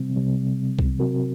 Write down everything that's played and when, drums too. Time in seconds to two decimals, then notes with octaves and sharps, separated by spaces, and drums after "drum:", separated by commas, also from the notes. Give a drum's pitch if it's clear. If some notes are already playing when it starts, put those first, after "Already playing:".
Already playing: C3 G3 C4
0.16 C3 G3 C4
0.79 drum: kick C2
0.99 C3 F#3 C4 F#4 A#4